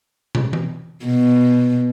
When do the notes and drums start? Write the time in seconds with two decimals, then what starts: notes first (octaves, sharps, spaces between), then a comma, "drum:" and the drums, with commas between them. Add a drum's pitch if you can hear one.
0.35 drum: tom
0.53 drum: tom E3
1.05 B2